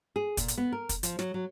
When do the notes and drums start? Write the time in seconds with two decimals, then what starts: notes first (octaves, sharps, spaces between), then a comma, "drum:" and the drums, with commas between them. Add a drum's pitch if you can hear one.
0.16 G#4
0.37 A#2, drum: kick, hi-hat
0.48 drum: hi-hat
0.58 B3
0.72 A#4
0.89 drum: kick, hi-hat
1.03 F3, drum: hi-hat
1.19 F#3, drum: snare
1.34 F#3